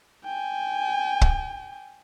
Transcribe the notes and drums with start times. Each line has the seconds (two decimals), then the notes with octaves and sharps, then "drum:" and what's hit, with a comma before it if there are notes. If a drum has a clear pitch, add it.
0.25 G5 G#5
1.21 drum: kick